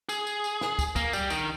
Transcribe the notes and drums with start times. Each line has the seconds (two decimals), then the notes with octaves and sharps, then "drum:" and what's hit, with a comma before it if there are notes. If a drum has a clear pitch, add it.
0.09 G#4, drum: tambourine
0.27 drum: tambourine
0.44 drum: tambourine
0.61 drum: snare
0.79 drum: kick, tambourine
0.96 A#3, drum: kick, tambourine
1.13 G3, drum: tambourine
1.30 D#3, drum: tambourine